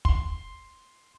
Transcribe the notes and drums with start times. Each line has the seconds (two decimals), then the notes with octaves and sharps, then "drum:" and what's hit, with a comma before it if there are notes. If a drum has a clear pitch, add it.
0.05 C6, drum: kick